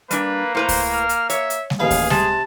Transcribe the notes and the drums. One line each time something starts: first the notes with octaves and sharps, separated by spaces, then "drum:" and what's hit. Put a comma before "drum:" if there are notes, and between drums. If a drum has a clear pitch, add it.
G3 A#3 D4 B4, drum: hi-hat
A2 B4 C5 A#5
drum: kick C#2, open hi-hat
F6
drum: hi-hat
C#5 E5, drum: hi-hat
drum: hi-hat
drum: snare G3
A1 D#2 G#4 B4 F5
drum: kick C#2, open hi-hat
C3 G#3 A5, drum: snare G3